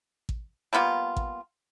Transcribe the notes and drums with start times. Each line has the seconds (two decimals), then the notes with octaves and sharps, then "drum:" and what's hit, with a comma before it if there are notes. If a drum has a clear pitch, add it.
0.29 drum: kick A1
0.73 G3 A#3 B3 F4
1.17 drum: kick A1